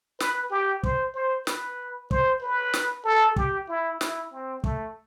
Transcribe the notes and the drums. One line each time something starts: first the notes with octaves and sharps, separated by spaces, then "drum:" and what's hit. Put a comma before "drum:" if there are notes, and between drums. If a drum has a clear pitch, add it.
B4, drum: snare
G4
C5, drum: kick
C5
B4, drum: snare
C5, drum: kick
B4
drum: snare
A4
G4, drum: kick
E4
E4, drum: snare
C4
A3, drum: kick